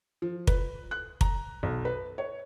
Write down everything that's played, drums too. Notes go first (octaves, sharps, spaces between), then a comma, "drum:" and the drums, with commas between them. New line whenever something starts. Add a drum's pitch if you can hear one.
F3
B4, drum: kick
F#6
A#5, drum: kick
B1
B4
C#5